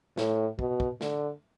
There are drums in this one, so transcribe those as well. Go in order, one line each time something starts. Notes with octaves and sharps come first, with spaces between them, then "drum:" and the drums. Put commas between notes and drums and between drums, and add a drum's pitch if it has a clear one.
A2, drum: snare
B2, drum: kick
drum: kick
D3, drum: snare